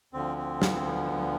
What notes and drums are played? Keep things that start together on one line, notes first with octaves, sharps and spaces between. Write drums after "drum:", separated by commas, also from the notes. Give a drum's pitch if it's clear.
D2 D3 F3 C4
C4
B3, drum: snare
C4
B3